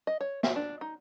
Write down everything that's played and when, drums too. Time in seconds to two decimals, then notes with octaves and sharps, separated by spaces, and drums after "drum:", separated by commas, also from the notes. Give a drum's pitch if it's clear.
0.07 D#5
0.21 C#5
0.43 E5, drum: snare
0.56 D4
0.81 D#4